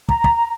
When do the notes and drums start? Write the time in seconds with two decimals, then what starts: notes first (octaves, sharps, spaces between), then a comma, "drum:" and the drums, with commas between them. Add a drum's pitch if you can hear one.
0.09 A#5, drum: kick
0.24 drum: kick